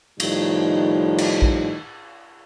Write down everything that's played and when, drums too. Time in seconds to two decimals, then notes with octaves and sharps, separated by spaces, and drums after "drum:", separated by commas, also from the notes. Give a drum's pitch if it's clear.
0.20 A2 D#3 F3 G3 D#4, drum: cymbal
1.18 drum: cymbal
1.42 drum: kick A#1